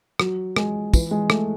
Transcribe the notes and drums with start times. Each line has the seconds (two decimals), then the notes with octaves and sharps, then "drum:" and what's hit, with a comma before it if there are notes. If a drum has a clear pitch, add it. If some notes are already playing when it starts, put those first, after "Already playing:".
0.20 F#3, drum: rim click
0.56 G#3, drum: rim click
0.94 E3, drum: kick, tambourine
1.11 G#3
1.30 A3, drum: rim click